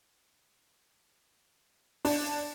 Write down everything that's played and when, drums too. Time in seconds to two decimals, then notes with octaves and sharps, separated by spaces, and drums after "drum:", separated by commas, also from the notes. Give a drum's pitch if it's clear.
2.05 D4, drum: open hi-hat